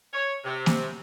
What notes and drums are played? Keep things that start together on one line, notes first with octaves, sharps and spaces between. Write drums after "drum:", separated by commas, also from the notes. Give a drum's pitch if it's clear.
C#5
C3
drum: snare A#3